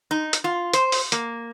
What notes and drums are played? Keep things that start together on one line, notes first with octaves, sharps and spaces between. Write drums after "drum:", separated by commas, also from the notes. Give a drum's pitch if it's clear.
D#4
drum: hi-hat
F4
C5, drum: hi-hat
drum: open hi-hat
A#3, drum: hi-hat